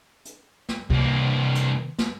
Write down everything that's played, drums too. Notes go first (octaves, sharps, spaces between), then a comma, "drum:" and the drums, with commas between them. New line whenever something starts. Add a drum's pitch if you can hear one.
drum: hi-hat
drum: snare
C2 A#3, drum: kick C#2
drum: hi-hat
drum: snare